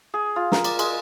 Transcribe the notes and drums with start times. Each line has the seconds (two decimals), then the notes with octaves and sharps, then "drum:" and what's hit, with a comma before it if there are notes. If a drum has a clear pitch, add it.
0.14 G#4
0.36 F4
0.52 A#4, drum: snare
0.64 D5, drum: cymbal
0.79 G#3, drum: cymbal